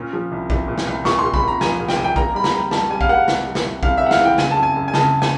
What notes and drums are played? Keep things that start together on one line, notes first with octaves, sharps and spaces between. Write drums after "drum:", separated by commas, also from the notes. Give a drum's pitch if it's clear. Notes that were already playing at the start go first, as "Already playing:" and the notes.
Already playing: A#2 C#4
F3
C2
C2, drum: kick
A#2
drum: snare
C2
A#2 C#6, drum: snare
C6
A#2
B5, drum: kick
A#2
A#5
F3 G#5, drum: snare
A#2
G5, drum: snare
C2 G#5
G5
A#3 A#5, drum: kick
G3 B5
A#5, drum: snare
G3
G3 A5, drum: snare
G3 G#5
F5, drum: kick
A#3 F#5
C2, drum: snare
G3
drum: snare
C2
C2 F5, drum: kick
C2 E5
F#5
F5, drum: snare
E3
G5
C#3 G#5, drum: snare
A5
F#2
G#5
F#2
G#5
C#3 A5, drum: snare
G#5, drum: snare